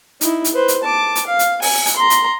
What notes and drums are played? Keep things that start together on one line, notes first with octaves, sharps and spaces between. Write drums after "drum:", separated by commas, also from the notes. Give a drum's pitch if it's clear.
D#4 E4, drum: hi-hat
drum: hi-hat
B4 C5
drum: hi-hat
A5 D6
drum: hi-hat
F5
drum: hi-hat
G#5, drum: open hi-hat
drum: hi-hat
A#5 C6
drum: hi-hat